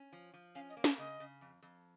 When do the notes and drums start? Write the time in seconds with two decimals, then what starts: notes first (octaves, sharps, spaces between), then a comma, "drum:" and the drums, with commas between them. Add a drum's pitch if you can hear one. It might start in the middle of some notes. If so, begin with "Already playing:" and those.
Already playing: C#4
0.13 F3
0.34 F3
0.55 C#4 F5
0.70 D#5
0.77 A#3
0.84 D#5, drum: snare
0.98 C#3 D#5
1.20 C#3
1.41 F2
1.62 F2